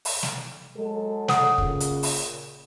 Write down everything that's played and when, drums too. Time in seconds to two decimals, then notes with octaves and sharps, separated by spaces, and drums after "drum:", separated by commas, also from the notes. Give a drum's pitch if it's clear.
0.05 drum: open hi-hat
0.23 drum: snare
0.77 F#3 G#3 A4
1.28 C#5 F#5 D#6, drum: snare
1.58 A#2 C#3, drum: kick
1.80 drum: hi-hat
2.03 drum: open hi-hat